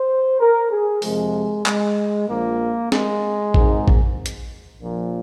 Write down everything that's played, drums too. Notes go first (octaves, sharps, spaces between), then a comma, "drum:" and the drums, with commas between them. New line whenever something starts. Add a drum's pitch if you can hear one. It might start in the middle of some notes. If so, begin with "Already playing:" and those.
Already playing: C5
A#4
G#4
F2 C3 F3 G#3, drum: open hi-hat
G#3, drum: clap
A#1 A#2 F3 A#3
G#3, drum: snare
G#1 G#2 D#3, drum: kick A#1
drum: kick A#1
drum: hi-hat
A#1 A#2 F3